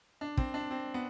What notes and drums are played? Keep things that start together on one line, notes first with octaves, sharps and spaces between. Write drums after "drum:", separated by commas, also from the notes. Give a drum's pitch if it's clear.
D4
C4, drum: kick
D4
C4
B3